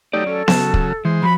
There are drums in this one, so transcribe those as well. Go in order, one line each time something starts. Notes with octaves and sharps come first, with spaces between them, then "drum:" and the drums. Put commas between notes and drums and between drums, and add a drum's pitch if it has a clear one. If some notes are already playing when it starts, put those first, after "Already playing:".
F#3 A3 D#4 G4 D5
C#4 A4
C#3 F#3 A5, drum: snare B3
drum: kick
E3 G#3 C5
F3 F#4 B5